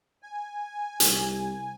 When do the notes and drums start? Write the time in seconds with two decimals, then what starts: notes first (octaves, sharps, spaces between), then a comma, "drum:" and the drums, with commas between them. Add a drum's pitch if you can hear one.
0.23 G#5
1.00 C2, drum: hi-hat